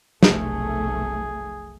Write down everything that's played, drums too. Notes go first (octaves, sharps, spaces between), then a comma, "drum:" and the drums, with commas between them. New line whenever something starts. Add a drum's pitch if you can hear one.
F1 B1 A3 G#4, drum: snare